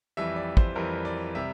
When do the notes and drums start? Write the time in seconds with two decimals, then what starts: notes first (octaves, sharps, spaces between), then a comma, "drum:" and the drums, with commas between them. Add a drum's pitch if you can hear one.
0.17 F2 E3 G3 E5
0.36 D5
0.57 C5, drum: kick
0.76 F2 E3 G3 A#4
1.05 D5
1.35 C3 G3 E5